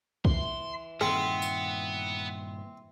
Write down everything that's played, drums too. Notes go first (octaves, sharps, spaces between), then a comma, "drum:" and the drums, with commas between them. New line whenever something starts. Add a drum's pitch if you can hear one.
E3 C6, drum: kick
G2 A#2 D#3 B3 C4, drum: rim click
drum: tambourine